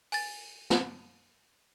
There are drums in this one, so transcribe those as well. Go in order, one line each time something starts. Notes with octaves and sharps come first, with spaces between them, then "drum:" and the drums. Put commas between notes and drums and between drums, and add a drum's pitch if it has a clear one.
G#5 A6, drum: open hi-hat
drum: snare